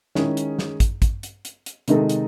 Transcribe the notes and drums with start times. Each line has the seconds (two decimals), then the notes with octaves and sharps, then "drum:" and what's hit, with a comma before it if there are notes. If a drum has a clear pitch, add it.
0.15 D#3 G#3 C#4 E4 G#4, drum: snare
0.37 drum: hi-hat
0.59 drum: snare
0.80 drum: kick, hi-hat
1.02 drum: kick, hi-hat
1.23 drum: hi-hat
1.45 drum: hi-hat
1.66 drum: hi-hat
1.88 C3 D#3 G#3 D#4 A4, drum: hi-hat
2.09 drum: hi-hat